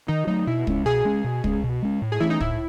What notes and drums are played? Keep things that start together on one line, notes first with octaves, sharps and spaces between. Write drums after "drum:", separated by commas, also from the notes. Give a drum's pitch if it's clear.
D#3 D#4
F#3 A3 D#4
B2 E4
G#3 C#4, drum: kick
B2 G#4
G#3 C#4
B2
G#3 C#4, drum: kick
B2
G#3 C#4
A2
G#4
E3 A3 C#4 E4
D#4
A2 E4, drum: kick